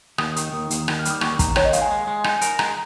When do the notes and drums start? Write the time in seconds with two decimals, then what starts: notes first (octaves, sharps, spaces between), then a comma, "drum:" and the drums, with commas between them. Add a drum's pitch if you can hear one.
0.18 D#2 D#6, drum: rim click
0.36 D#3, drum: hi-hat
0.53 D#2
0.70 D#2, drum: hi-hat
0.88 D#3, drum: rim click
0.99 F6
1.05 G3, drum: hi-hat
1.10 D#6
1.21 D#2 C#6, drum: rim click
1.39 D#2 A#5, drum: kick, hi-hat
1.56 D#3 C#5, drum: rim click
1.65 D#5
1.73 G#3 F5, drum: hi-hat
1.81 G#5
1.91 G#3
2.07 G#3
2.24 D#4, drum: rim click
2.41 A#4, drum: hi-hat
2.59 G#3 A#5, drum: rim click